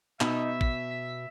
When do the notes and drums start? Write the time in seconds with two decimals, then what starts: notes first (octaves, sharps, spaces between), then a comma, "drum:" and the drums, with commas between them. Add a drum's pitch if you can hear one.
0.21 B2 D#4 E5, drum: clap
0.61 B6, drum: kick
0.91 B6